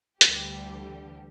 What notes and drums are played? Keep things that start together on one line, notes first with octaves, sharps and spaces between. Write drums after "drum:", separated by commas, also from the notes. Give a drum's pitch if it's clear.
D2 D3 E3 G3 G4, drum: hi-hat